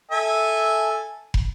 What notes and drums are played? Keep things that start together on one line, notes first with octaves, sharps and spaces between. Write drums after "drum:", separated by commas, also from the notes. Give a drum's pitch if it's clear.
A4 E5 G#5
drum: kick